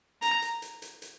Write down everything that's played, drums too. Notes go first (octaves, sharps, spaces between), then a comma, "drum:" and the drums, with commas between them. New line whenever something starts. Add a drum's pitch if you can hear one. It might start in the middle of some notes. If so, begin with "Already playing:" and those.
A#5, drum: hi-hat
drum: hi-hat
drum: hi-hat
drum: hi-hat
drum: hi-hat